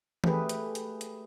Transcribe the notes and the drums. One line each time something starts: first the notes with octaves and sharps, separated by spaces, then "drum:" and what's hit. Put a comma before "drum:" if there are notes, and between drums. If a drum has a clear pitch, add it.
A3 G4 G#4 B4, drum: tom E3
drum: hi-hat
drum: hi-hat
drum: hi-hat